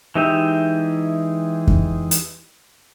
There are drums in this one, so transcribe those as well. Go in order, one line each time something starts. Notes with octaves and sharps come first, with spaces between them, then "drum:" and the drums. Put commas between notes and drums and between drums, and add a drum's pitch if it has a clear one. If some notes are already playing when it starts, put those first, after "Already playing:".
E3 G#3 D#4 G4 E5
drum: kick F2
drum: hi-hat